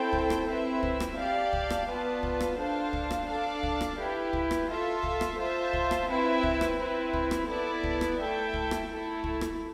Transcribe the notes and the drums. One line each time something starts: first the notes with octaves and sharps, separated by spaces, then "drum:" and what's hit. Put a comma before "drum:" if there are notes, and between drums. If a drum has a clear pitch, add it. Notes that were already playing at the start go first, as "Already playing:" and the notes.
Already playing: C4 E4 A4 C5 G5
drum: kick
drum: rim click
C4 E4 B4 E5
drum: kick
drum: rim click
G4 D5 F5 A5
drum: kick
drum: rim click
B3 F4 B4 D5 A5
drum: kick
drum: rim click
D4 A4 C5 F5 A5
drum: kick
drum: rim click
D4 A4 D5 F5 A5
drum: kick
drum: rim click
E4 G4 B4
drum: kick
drum: rim click
F4 A4 E5
drum: kick
drum: rim click
F4 C5 E5 A5
drum: kick
drum: rim click
C4 E4 B4 E5
drum: kick
drum: rim click
C4 E4 B4
drum: kick
drum: rim click
B3 E4 A4 D5
drum: kick
drum: rim click
A3 E4 A4 E5 G5
drum: kick
drum: rim click
A3 E4 A4
drum: kick
drum: rim click